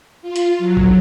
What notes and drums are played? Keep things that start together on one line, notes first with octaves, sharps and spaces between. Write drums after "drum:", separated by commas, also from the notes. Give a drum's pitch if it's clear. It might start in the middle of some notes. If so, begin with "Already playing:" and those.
F4
drum: hi-hat
F#3
drum: kick A1